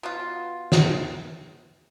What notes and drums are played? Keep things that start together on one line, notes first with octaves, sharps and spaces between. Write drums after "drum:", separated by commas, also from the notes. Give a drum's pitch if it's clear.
B2 B3 F4
drum: snare